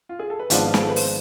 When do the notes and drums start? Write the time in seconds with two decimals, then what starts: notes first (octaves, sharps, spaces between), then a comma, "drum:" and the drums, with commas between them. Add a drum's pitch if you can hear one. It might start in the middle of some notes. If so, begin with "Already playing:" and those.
0.09 F4
0.19 G#4
0.30 A4
0.40 B4
0.50 G#1 G#2 F3 B3 D4 C5, drum: hi-hat
0.66 F4
0.74 G#4, drum: snare
0.81 A4
0.89 B4
0.96 C5, drum: open hi-hat